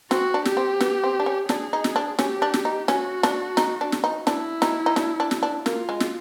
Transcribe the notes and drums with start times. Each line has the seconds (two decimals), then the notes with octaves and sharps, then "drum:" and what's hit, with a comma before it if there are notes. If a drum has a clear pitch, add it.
0.11 C4 F#4, drum: snare
0.34 D4
0.45 G4, drum: snare
0.57 C4
0.81 B3, drum: snare
1.04 C4
1.20 D4
1.26 C#4
1.49 D4 G#4, drum: snare
1.73 D#4
1.84 drum: snare
1.96 D4
2.19 C#4 G4, drum: snare
2.42 D4
2.54 drum: snare
2.65 D#4
2.88 C#4 F#4, drum: snare
3.23 D4, drum: snare
3.57 D#4, drum: snare
3.81 D4
3.92 drum: snare
4.04 D#4
4.27 D4 E4, drum: snare
4.62 D#4, drum: snare
4.86 D#4
4.96 D4, drum: snare
5.20 D4
5.31 drum: snare
5.43 D4
5.66 A#3 F4, drum: snare
5.89 G#3
6.00 drum: snare